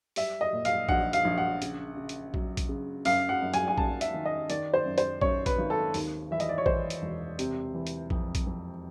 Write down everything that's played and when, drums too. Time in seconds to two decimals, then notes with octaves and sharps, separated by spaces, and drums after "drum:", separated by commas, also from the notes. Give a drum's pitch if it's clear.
0.16 G3 E5, drum: open hi-hat
0.41 D#5
0.53 A#2
0.65 F5, drum: hi-hat
0.89 A#1 F#5, drum: kick A#1
1.13 F5, drum: hi-hat
1.25 A#1
1.38 F#5
1.62 C#3, drum: hi-hat
1.97 C#3
2.09 drum: hi-hat
2.34 F#3, drum: kick A#1
2.57 drum: kick A#1, hi-hat
2.69 C#3
3.05 F#2 F5, drum: open hi-hat
3.29 F#5
3.42 F#2
3.54 G#5, drum: hi-hat
3.68 G#5
3.78 F#2 A5, drum: kick A#1
4.01 E5, drum: hi-hat
4.14 D#3
4.25 D#5
4.50 D#3 D5, drum: hi-hat
4.74 C5
4.85 F#2
4.98 C5, drum: hi-hat
5.21 F#2 C#5, drum: kick A#1
5.46 B4, drum: kick A#1, hi-hat
5.59 G#1
5.70 A4
5.94 D#2, drum: open hi-hat
6.31 E3 E5
6.40 D#5, drum: hi-hat
6.49 D5
6.58 C#5
6.66 E3 C5, drum: kick A#1
6.90 drum: hi-hat
7.02 E1
7.39 C3, drum: hi-hat
7.74 E3
7.87 drum: hi-hat
8.10 F2, drum: kick A#1
8.35 drum: kick A#1, hi-hat
8.47 F2